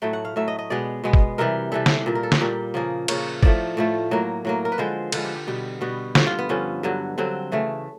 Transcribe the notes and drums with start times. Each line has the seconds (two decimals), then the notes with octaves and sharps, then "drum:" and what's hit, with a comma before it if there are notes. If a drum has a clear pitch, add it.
0.02 A2 F#3 A3 G5
0.13 F#5
0.25 F5
0.36 A2 F#3 A3 E5
0.48 D#5
0.59 D#5
0.70 B2 G#3 B3 D5
1.04 B2 G#3 B3
1.13 drum: kick G1
1.38 C3 E3 G3 A#4
1.72 C3 E3 G3 A4
1.86 drum: snare
2.06 A#2 G3 A#3
2.15 A#4
2.23 A4
2.32 F#4, drum: snare
2.40 A#2 G3 A#3 G4
2.74 C#3 F3 A#3 G#4
3.08 C#3 F3 A#3 C#5, drum: cymbal
3.43 A2 F3 A3 D5, drum: kick G1
3.77 A2 F3 A3
4.11 A2 F#3 A#3
4.45 A2 F#3 A#3
4.65 A#4
4.72 B4
4.78 D3 F3 G#3 C5
5.12 D3 F3 G#3 B4, drum: cymbal
5.25 G4
5.36 G4
5.47 B2 G3 B3 G4
5.81 B2 G3 B3 F#4
6.15 G2 D3 F3 F#4, drum: snare
6.27 F4
6.39 B3
6.49 G2 D3 F3 C#4
6.83 G2 D3 F#3
7.18 G2 D3 F#3 C4
7.52 C#3 E3 A3